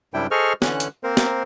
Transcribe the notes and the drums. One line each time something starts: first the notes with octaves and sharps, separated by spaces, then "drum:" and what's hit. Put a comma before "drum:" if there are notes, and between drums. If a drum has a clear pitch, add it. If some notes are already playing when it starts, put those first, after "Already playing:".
F#2 C3 G3 D4 E4 G5
G#4 A4 C5 D#5 C#6 F6
D3 E3 C#4 F#6, drum: snare
drum: hi-hat
A#3 C4 A#4 C5
drum: snare